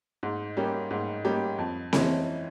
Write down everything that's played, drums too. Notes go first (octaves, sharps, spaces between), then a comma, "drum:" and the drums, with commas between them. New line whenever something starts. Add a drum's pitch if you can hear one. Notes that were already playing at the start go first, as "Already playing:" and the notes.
G#2
G3 A#3 C#4 G4
G#2
G3 A#3 C#4 G4
F2
E3 G#3 C#4, drum: snare C4